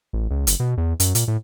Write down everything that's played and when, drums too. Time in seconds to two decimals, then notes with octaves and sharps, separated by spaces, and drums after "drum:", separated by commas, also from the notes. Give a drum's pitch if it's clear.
0.13 A1
0.31 C#2
0.47 F#1, drum: hi-hat
0.60 B2
0.77 E2
1.00 F#2, drum: hi-hat
1.15 A#2, drum: hi-hat
1.28 A2